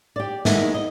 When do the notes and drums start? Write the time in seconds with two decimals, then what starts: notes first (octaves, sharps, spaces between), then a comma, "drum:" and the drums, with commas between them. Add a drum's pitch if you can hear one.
0.16 G4 D5
0.45 D#3 G#3 B3 E4, drum: snare
0.74 D#5